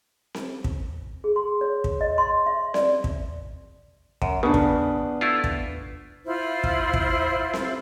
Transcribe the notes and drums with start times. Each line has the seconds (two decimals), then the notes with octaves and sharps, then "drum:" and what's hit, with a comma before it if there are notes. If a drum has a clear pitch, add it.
0.34 drum: snare C4
0.64 drum: kick
1.24 G#4
1.36 C6
1.61 C#5
1.84 drum: kick
2.01 D#5
2.18 C6
2.46 E5
2.74 D5, drum: snare C4
3.04 drum: kick
4.22 F#2, drum: kick
4.43 C#3 B3 D4
4.54 drum: kick
5.21 A3 E4 F4
5.44 drum: kick
6.26 E4 F4 C5 F6
6.64 drum: kick
6.94 drum: kick
7.53 drum: snare C4